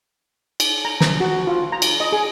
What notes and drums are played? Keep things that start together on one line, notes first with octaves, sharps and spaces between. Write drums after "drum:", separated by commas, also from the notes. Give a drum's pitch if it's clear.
drum: cymbal
A#5
A#5, drum: snare
F#4
F4
A#5
drum: cymbal
D#5
G#4